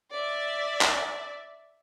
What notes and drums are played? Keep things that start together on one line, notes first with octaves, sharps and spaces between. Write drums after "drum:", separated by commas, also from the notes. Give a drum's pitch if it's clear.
D5 E5
drum: clap